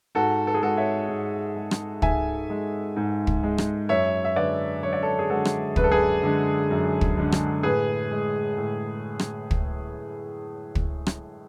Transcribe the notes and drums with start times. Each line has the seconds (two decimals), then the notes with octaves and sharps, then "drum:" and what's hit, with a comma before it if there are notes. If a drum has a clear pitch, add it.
0.15 G#2 F#4 A4
0.47 A4
0.54 G#4
0.62 G#3 F#4 A4
0.77 C#5 E5
1.08 G#2
1.56 G#3
1.71 drum: rim click
2.02 G#2 E5 G#5, drum: kick
2.50 G#3
2.96 G#2
3.27 drum: kick
3.43 G#3
3.58 drum: rim click
3.89 F#2 C#5 E5
4.25 E5
4.36 D3 G#3 B4 D5
4.83 F#2 C#5
4.93 D5
5.03 A4 C#5
5.19 G#4
5.29 D3 G#3 F#4 A4
5.45 drum: rim click
5.76 F#2 B4, drum: kick
5.84 A4
5.92 G#4 B4
6.23 D3 G#3
6.71 F#2
7.01 drum: kick
7.17 D3 G#3
7.32 drum: rim click
7.63 A2 G#4 B4
8.11 G#3
8.57 A2
9.19 drum: rim click
9.51 drum: kick
10.75 drum: kick
11.07 drum: rim click